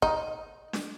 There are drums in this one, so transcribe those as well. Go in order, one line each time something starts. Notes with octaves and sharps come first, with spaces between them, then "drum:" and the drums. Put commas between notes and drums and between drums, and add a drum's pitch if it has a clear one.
D#4, drum: kick
drum: snare D4